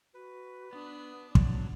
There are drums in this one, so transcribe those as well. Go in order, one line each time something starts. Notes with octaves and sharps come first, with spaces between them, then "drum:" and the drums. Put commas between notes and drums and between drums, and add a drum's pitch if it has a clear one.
F#4 B4
B3 D4 D#6
F#3 D4 F#5, drum: kick